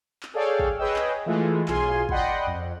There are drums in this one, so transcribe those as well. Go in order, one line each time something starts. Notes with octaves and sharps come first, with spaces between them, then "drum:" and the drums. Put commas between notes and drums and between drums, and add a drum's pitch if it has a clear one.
drum: clap
G#4 A4 C#5 D5 F5 G5
drum: kick
G#4 B4 C#5 D#5 G5 E6
drum: clap
E3 G#3 A3 E4 F4
B1 F4 G#4 G#5 C6, drum: clap
D5 D#5 F#5 G5 B5 C6, drum: kick
F2